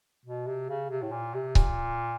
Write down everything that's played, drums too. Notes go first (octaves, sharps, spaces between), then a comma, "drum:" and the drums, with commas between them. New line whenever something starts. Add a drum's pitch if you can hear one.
B2
C3
C#3
C3
A2
A#2
C3
A#2, drum: kick C#1